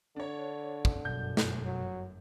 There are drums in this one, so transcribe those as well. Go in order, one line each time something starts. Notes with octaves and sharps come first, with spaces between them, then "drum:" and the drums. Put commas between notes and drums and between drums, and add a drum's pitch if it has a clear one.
D3 D4 C#5
drum: kick
G1 F#2 B2 G6
drum: snare
F#3